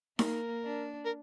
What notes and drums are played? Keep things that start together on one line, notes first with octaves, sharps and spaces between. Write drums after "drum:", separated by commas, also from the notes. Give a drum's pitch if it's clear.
A#3 A#4, drum: snare D#4
D4
A#4